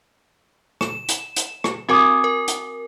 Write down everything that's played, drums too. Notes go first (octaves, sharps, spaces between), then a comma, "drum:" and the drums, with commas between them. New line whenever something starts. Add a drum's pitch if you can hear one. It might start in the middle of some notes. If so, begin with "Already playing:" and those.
E7, drum: rim click
drum: hi-hat
drum: hi-hat
drum: rim click
C4 F#4 A#4 G#5 D6 D#6
A#4
drum: hi-hat